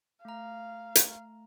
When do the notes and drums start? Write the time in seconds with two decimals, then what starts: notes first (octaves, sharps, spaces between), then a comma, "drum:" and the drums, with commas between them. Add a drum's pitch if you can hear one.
0.25 A3 F5 A#5
0.95 drum: hi-hat